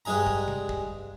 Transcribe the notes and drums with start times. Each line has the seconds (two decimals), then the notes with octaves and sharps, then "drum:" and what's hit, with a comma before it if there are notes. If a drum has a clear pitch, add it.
0.05 G2 G#3 D4 G#4 A#5
0.27 drum: kick
0.48 drum: tom
0.69 drum: kick